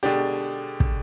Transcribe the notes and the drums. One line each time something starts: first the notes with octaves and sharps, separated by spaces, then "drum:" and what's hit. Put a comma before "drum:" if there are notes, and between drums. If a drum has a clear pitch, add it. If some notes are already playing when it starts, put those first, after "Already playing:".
B2 D3 G#3 D4 G4
drum: kick